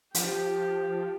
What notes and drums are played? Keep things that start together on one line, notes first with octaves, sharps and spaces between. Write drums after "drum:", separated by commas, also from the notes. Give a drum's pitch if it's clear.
F3 G4, drum: hi-hat